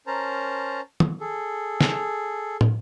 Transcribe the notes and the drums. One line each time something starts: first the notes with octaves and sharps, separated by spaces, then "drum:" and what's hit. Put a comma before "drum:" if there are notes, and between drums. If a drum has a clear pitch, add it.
C#4 A#4 C5 A5 A#5
drum: tom D#3
G#4 A4
drum: snare
drum: tom